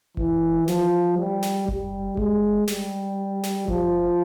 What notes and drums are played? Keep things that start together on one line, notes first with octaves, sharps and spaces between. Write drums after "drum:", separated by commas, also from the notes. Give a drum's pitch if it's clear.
E3, drum: kick F#1
F3, drum: snare
G3
drum: snare
G3, drum: kick F#1
G#3, drum: kick F#1
G3, drum: snare
drum: snare
F3, drum: kick F#1